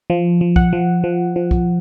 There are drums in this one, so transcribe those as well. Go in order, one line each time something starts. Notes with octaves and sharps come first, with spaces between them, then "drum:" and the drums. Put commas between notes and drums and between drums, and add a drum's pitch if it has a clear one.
F3
F3
F#5, drum: kick
F3
F3
F3
drum: kick